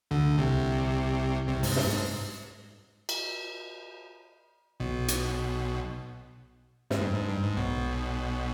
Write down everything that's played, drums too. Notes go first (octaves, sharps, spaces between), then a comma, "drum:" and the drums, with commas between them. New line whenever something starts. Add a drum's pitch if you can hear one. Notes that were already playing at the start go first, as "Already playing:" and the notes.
D2 D3
C2 C3
C2 C3
G#2, drum: open hi-hat
G2, drum: snare
G#2
drum: cymbal
B1 B2
drum: hi-hat
G#2, drum: snare
G2
G#2
G2
G#2
B1 B2